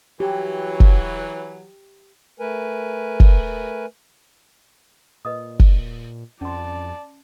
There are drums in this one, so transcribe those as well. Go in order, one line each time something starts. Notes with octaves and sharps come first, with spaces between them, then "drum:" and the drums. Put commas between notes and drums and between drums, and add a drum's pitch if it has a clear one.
E3 F#3 G4
drum: kick
A3 A#4 B4 G#5
drum: kick
A#2 B4 D#5 D#6
drum: kick
F2 C#4 D5 A5 C6